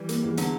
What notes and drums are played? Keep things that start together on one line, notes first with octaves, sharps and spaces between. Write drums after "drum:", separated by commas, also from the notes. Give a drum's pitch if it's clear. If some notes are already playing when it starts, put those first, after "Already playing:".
Already playing: E3 G3
A#3, drum: hi-hat
E2
D3 F#3 B3, drum: hi-hat